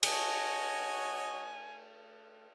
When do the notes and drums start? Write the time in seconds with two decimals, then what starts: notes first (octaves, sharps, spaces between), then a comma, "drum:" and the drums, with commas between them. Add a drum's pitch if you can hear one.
0.03 A3 F#4 C#5 D#5 G#5, drum: cymbal